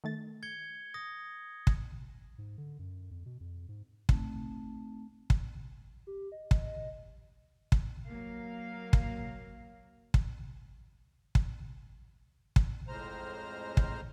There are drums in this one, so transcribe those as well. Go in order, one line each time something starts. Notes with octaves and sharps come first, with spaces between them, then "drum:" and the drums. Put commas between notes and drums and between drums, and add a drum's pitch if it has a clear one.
D#3 A3 A6
G#6 C#7 G7
D#6 A#6
drum: kick
G#2
D3
F#2
F2
B2
F2
G#2
A3 C4 D#4, drum: kick
drum: kick
G4
D#5
drum: kick
D#5
drum: kick
F#3 A#3 F5
drum: kick
drum: kick
drum: kick
drum: kick
F2 A2 G#3 C5 A#5 F6
drum: kick